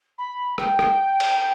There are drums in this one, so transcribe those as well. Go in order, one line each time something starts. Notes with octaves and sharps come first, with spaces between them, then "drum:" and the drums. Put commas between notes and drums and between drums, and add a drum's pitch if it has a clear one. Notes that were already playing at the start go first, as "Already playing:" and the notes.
B5
G5, drum: rim click
drum: rim click
drum: cymbal